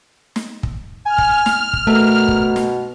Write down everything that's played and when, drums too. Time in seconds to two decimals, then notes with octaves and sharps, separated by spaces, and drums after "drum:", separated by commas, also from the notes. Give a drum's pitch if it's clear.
0.36 drum: snare
0.63 drum: kick
1.06 G#5 F6
1.18 drum: kick
1.46 drum: snare
1.73 drum: kick
1.87 B2 A3 A#4
2.28 drum: kick
2.56 drum: snare